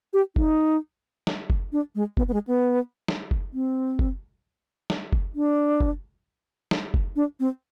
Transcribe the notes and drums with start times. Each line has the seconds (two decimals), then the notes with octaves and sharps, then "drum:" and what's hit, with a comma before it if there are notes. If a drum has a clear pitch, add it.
0.13 G4
0.36 D#4, drum: kick F#1
1.27 drum: snare
1.50 drum: kick F#1
1.72 D4
1.95 G#3
2.17 B3, drum: kick F#1
2.28 B3
2.33 G#3
2.47 B3
3.08 drum: snare
3.31 drum: kick F#1
3.53 C4
3.99 drum: kick F#1
4.90 drum: snare
5.13 drum: kick F#1
5.35 D4
5.81 drum: kick F#1
6.71 drum: snare
6.94 drum: kick F#1
7.16 D4
7.40 C4